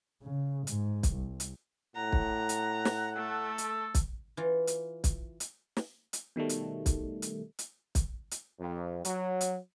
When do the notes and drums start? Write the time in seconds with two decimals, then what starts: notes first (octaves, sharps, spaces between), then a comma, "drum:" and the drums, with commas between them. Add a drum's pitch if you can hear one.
0.22 C#3
0.67 G#2, drum: hi-hat
1.03 drum: kick, hi-hat
1.13 C2
1.40 drum: hi-hat
1.96 A2 F#5 A#5
2.13 drum: kick
2.49 drum: hi-hat
2.85 drum: snare
3.16 A3 A4
3.58 drum: hi-hat
3.95 drum: kick, hi-hat
4.37 E3 F4
4.67 drum: hi-hat
5.04 drum: kick, hi-hat
5.40 drum: hi-hat
5.77 drum: snare
6.13 drum: hi-hat
6.36 B2 D#3 G3 A3
6.49 drum: hi-hat
6.86 drum: kick, hi-hat
7.22 drum: hi-hat
7.59 drum: hi-hat
7.95 drum: kick, hi-hat
8.31 drum: hi-hat
8.60 F2
9.05 F#3, drum: hi-hat
9.41 drum: hi-hat